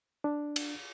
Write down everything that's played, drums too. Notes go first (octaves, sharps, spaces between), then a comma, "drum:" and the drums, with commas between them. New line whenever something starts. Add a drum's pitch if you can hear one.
D4
drum: cymbal